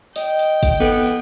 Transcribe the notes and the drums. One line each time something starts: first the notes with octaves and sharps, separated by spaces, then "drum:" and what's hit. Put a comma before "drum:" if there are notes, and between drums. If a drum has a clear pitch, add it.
D#5 G5, drum: open hi-hat
drum: hi-hat
drum: kick, hi-hat
B3 A4